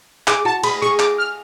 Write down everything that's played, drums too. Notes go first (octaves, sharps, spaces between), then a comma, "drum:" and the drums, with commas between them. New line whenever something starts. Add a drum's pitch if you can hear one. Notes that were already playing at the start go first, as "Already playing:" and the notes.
G#4 D6, drum: clap
F#4 A5
G#4 B5, drum: cymbal
G#4 C#6
D6, drum: clap
F6